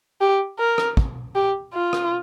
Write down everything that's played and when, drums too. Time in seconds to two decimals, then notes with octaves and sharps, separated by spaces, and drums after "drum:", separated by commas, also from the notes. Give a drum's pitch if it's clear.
0.21 G4
0.59 A#4
0.78 drum: rim click
0.97 drum: kick
1.35 G4
1.74 F4
1.93 drum: rim click